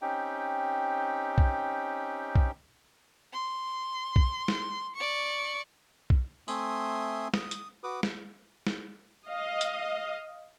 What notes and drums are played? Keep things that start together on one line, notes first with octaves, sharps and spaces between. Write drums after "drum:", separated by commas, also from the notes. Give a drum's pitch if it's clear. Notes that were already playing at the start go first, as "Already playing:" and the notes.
C4 C#4 D#4 G4 G5
drum: kick B1
drum: kick B1
C6
drum: kick B1
drum: snare
D5 C#6
drum: kick B1
A3 C4 E5 G#5 C6 D#6, drum: tambourine
D#6, drum: snare
drum: hi-hat
F#4 B4 D6 D#6
drum: snare
drum: snare
D#5 F5
drum: hi-hat